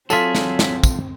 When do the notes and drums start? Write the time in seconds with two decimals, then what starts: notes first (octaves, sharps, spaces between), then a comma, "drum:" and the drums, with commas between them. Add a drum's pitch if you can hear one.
0.10 F#3 C4 F4 G#4 A4 E5, drum: tambourine
0.35 drum: snare
0.59 drum: snare
0.84 drum: kick, tambourine